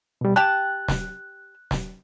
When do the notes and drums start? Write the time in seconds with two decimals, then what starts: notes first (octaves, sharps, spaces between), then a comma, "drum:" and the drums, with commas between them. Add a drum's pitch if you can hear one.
0.21 B2 G3
0.36 G4 G5 A5 F#6
0.88 drum: snare
1.71 drum: snare